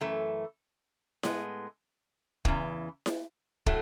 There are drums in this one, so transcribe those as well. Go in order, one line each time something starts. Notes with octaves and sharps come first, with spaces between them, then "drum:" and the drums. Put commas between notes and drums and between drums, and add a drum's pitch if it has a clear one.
F#2 E3 A3
A2 G#3 B3, drum: snare E4
E2 C#3 E3, drum: kick
drum: snare E4
A2 F#3 A3, drum: kick